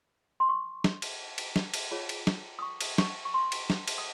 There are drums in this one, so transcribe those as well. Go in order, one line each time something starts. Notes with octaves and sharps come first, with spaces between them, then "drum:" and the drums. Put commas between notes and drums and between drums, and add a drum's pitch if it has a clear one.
C6
C#6
drum: snare
drum: cymbal
drum: cymbal
drum: snare
drum: cymbal
F4 G#4 C#5
drum: cymbal
drum: snare
D#6
C#6
drum: cymbal
C#6, drum: snare
C#6
C6
drum: cymbal
drum: snare
drum: cymbal
D#6